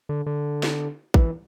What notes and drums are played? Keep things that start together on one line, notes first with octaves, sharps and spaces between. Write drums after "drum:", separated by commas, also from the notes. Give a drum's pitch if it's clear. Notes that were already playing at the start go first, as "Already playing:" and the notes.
D3
D3
drum: snare
E3, drum: kick